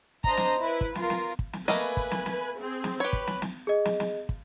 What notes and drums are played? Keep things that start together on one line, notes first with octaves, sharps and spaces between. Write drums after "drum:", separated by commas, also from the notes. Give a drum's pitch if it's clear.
D4 C5 D#5 A#5, drum: kick
drum: snare
E4 B4
drum: kick
F4 A#4, drum: snare
drum: snare
drum: kick
drum: snare
A3 A#3 B4 D#5 G#5, drum: snare
drum: kick
drum: snare
drum: snare
C4 G#4
drum: snare
G4 B4 C#5
drum: kick
drum: snare
drum: snare
G#4 D#5
drum: snare
drum: snare
drum: kick